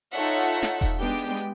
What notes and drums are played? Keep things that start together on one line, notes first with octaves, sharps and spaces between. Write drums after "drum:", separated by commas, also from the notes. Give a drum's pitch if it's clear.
D#4 F4 A4 C#5 E5 F#5
drum: hi-hat
drum: snare
drum: kick E1, open hi-hat
G#3 B3 D4 G4 G5
drum: hi-hat
drum: hi-hat